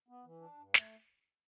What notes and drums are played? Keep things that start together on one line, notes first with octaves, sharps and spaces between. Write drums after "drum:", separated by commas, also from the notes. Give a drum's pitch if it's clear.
B3
E3
D4
G2
A3, drum: snare